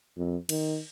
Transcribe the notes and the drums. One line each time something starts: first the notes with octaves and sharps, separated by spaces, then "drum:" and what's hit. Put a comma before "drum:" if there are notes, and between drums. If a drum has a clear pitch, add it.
F2
D#3, drum: cymbal